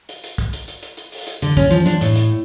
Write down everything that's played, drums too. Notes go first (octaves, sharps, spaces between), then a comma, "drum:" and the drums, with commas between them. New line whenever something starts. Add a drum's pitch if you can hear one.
drum: hi-hat
drum: hi-hat
drum: kick, hi-hat
drum: hi-hat
drum: hi-hat
drum: hi-hat
drum: hi-hat
drum: open hi-hat
drum: hi-hat
D3, drum: hi-hat
C#4, drum: kick, hi-hat
F3, drum: hi-hat
D4, drum: hi-hat
A2, drum: hi-hat
drum: hi-hat